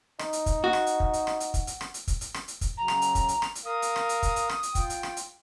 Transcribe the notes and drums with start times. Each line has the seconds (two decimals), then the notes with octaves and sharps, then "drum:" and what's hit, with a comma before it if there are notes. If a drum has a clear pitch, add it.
0.19 D#4, drum: rim click
0.33 drum: hi-hat
0.46 drum: kick, hi-hat
0.64 F#4
0.73 drum: rim click
0.87 drum: hi-hat
1.00 drum: kick
1.13 drum: hi-hat
1.27 drum: rim click
1.40 drum: hi-hat
1.54 drum: kick, hi-hat
1.67 drum: hi-hat
1.81 drum: rim click
1.94 drum: hi-hat
2.08 drum: kick, hi-hat
2.21 drum: hi-hat
2.34 drum: rim click
2.48 drum: hi-hat
2.61 drum: kick, hi-hat
2.77 C#3 F#3 A#5
2.88 drum: rim click
3.02 drum: hi-hat
3.15 drum: kick, hi-hat
3.28 drum: hi-hat
3.42 drum: rim click
3.55 drum: hi-hat
3.65 A#4 F5 D#6
3.82 drum: hi-hat
3.96 drum: rim click
4.09 drum: hi-hat
4.23 drum: kick, hi-hat
4.36 drum: hi-hat
4.49 drum: rim click
4.63 drum: hi-hat
4.75 F4 G5, drum: kick, hi-hat
4.90 drum: hi-hat
5.03 drum: rim click
5.17 drum: hi-hat